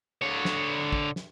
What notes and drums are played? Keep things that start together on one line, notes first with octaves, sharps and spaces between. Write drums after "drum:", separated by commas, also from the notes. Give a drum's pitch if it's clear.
D3 C#5
drum: snare
drum: kick
drum: snare